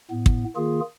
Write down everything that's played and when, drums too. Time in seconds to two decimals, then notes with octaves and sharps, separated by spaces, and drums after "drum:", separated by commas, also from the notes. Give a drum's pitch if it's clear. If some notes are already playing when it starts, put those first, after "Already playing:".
0.11 A2 B3
0.26 drum: kick
0.56 D#3 A#3 F4 G#4